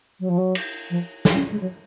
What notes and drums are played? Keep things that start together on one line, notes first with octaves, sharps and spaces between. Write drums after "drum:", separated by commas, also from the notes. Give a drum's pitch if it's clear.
F#3
F3
F#3
drum: cymbal
F3
F3, drum: snare
C#4
G#3
F#3